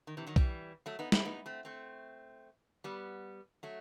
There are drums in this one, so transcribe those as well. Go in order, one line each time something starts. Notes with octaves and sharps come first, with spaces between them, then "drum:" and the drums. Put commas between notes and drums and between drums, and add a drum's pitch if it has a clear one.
D#3
C3 E3
D#3 F#3
E3 G3, drum: kick B1
F#3 A3
B3 D#4
C4 E4, drum: snare
B3 D#4
A3 C4
A3 C4
G3 B3
F#3 A3